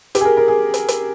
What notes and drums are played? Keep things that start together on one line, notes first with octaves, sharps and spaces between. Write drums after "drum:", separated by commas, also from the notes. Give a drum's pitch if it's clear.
G4, drum: hi-hat
G#4
A#4
A#4
G#4
drum: hi-hat
drum: hi-hat